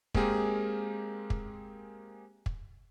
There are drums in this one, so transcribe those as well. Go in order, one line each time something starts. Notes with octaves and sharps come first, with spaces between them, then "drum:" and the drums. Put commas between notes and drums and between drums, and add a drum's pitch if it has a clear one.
G#3 A#3 C4 G4 G#4 A#4, drum: kick
drum: kick
drum: kick